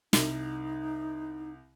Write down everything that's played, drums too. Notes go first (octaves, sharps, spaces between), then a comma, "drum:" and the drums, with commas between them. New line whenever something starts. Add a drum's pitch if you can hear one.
C2 D#4, drum: snare